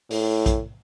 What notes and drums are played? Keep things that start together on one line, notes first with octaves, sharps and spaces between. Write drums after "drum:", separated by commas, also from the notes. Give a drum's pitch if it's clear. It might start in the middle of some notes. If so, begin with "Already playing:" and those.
A2, drum: open hi-hat
drum: kick A#1, hi-hat